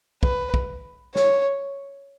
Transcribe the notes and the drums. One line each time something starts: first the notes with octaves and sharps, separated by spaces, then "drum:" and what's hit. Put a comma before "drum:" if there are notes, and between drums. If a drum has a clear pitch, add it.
B4, drum: kick
drum: kick
C#5, drum: snare